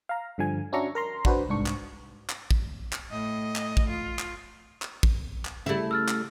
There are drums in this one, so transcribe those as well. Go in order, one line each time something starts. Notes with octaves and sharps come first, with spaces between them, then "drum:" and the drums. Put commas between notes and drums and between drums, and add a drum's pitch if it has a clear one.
F5 A#5
G2 D3 F3 G#5
C#4 D4 F#4 E5 A#5 C#6
A#4 A#5 C6
D4 F#4 B4 C5, drum: kick
C2 G#2 D4 C#6
drum: clap
drum: clap
drum: kick
drum: clap
A2 D#5
drum: clap
drum: kick
F4
drum: clap
drum: clap
drum: kick
drum: clap
C#3 G3 A3 E4 E5
E6 F6 A6
drum: clap